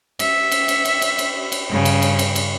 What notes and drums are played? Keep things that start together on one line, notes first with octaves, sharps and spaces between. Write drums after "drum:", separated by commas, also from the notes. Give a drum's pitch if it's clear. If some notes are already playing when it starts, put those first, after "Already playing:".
E5, drum: cymbal
drum: cymbal
drum: cymbal
drum: cymbal
drum: cymbal
drum: cymbal
drum: cymbal
G2 C#3
drum: cymbal
drum: cymbal
drum: cymbal
drum: cymbal